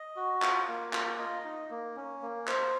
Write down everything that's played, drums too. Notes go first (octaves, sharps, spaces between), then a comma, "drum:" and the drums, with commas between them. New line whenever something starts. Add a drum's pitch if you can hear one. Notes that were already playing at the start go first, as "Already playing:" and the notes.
Already playing: D#5
F#4
F4, drum: clap
A#3
F4, drum: clap
D#5
D#4
A#3
C#4
A#3
C5, drum: clap